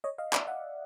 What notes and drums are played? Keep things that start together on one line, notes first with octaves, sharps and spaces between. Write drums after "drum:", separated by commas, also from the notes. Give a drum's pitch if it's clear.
C#5 D#5
D#5 F5
D5 E5, drum: clap
E5 F#5